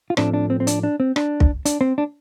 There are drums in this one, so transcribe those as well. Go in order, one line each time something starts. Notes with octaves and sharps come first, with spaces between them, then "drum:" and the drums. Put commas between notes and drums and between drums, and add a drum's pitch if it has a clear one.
F4
A2 F3 A3 C4 D4, drum: rim click
D4
C4
C4
D4, drum: hi-hat
D4
C4
D4, drum: rim click
drum: kick
D4, drum: hi-hat
C4
D4